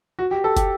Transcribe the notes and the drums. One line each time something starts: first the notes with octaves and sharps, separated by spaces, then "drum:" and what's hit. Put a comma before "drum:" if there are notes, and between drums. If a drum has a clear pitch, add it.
F#4
G4
A4
G4, drum: kick, hi-hat